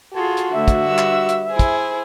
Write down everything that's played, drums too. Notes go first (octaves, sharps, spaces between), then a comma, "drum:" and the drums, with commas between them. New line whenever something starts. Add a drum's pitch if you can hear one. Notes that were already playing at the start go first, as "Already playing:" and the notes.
F4 F#4 G#4 A4
drum: hi-hat
D2 D3 E5
drum: kick, hi-hat
G2 E6
drum: clap
drum: hi-hat
E4 G#4 C5
drum: kick, hi-hat